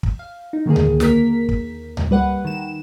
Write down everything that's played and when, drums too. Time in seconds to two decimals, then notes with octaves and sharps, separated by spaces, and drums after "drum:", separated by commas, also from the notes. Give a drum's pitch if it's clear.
0.03 drum: kick
0.19 F5
0.53 D#4
0.66 D3 D#3 A#3 G#4
0.76 drum: tom C#2
1.00 D#2 A#3 A#4 B6, drum: snare
1.49 drum: kick
1.97 drum: tom C#2
2.11 G3 B4 F#5
2.45 D#3 E7